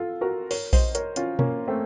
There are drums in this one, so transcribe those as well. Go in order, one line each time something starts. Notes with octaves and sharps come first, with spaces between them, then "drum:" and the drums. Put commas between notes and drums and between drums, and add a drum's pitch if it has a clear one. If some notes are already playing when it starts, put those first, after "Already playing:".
Already playing: F4 A4
F#4 A#4
A#4 C#5, drum: open hi-hat
C5 D#5, drum: kick A#1, open hi-hat
A#4 C#5, drum: hi-hat
C#4 F4, drum: hi-hat
A#3 C#4, drum: tom B2
A3 C4